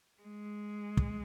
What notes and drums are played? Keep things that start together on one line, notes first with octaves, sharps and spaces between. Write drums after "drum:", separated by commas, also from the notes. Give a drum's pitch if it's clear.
G#3
drum: kick